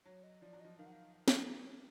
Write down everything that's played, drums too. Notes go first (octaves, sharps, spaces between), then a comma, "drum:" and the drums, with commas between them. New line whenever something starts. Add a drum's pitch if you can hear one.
F#3 C#5
D#5
F3 D5
F#3
F3 D#5
D#3 F5
F#5
F5
drum: snare